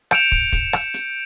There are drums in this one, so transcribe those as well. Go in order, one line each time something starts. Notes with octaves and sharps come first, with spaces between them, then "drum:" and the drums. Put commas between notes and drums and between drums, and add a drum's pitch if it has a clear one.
G6 C#7 D7 E7 F7, drum: rim click
drum: kick
drum: kick, hi-hat
drum: rim click
drum: hi-hat